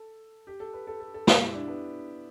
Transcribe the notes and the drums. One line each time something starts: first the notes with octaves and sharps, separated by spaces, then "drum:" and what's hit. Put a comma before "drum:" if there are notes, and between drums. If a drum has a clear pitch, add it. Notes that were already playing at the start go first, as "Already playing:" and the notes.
Already playing: A4
G4
A4
B4
A4
A4
A4
G4, drum: snare
E4
D4
B3